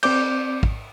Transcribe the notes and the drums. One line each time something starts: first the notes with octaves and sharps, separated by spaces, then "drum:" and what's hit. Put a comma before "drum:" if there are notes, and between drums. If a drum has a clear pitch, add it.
C4 D5 D6 G6, drum: cymbal
drum: kick